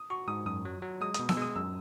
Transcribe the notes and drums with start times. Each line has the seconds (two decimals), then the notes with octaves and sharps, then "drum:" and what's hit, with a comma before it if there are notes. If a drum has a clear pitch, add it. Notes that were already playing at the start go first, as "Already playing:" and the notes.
Already playing: D#6
0.10 F#4 C#6
0.28 G#2 D#6
0.46 F#2 D#6
0.65 F#3
0.82 F#3
1.01 G#3 D#6
1.14 D#6, drum: hi-hat
1.19 B2
1.29 E6, drum: snare B3
1.37 G#3
1.42 D#6
1.56 F#2 E6